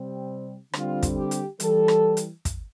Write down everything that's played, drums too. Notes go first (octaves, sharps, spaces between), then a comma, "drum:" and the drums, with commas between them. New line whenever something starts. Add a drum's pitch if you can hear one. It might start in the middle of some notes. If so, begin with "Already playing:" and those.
Already playing: C3 G3 C4
D3 G3 C4 F4, drum: rim click
drum: kick, hi-hat
G4
drum: hi-hat
E3 G3 A4, drum: hi-hat
drum: rim click
drum: hi-hat
drum: kick, hi-hat